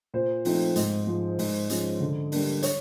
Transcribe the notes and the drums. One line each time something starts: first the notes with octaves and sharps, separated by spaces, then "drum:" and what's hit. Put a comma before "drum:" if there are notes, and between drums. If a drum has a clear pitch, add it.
A#2 C5
F3 A3 C4 D#4, drum: open hi-hat
G#2, drum: hi-hat
F3 G#3
G#2, drum: open hi-hat
F3 G#3 C#4, drum: hi-hat
D3
G3 A#3 D4, drum: open hi-hat
C#5, drum: hi-hat